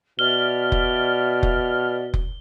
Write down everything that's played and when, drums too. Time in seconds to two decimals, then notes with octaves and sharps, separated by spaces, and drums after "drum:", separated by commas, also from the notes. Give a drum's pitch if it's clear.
0.19 B2 D5 E5 F6 G7
0.72 drum: kick F1
1.43 drum: kick F1
2.14 drum: kick F1